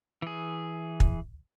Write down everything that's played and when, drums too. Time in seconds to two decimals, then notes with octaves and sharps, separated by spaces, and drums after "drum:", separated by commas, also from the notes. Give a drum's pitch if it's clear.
0.22 E3 G#4
1.00 drum: kick